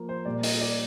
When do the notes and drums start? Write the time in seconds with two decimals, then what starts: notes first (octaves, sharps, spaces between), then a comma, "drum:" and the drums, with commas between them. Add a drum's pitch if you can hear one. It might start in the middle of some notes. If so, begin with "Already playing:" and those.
Already playing: F3 A#3 F4
0.09 C5
0.25 A#2 G3 A#3 D5
0.43 D#5, drum: open hi-hat
0.61 D5